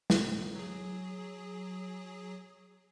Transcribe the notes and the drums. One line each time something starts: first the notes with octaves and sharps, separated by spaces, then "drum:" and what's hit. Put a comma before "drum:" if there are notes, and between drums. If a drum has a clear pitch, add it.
drum: snare
F#3 G#4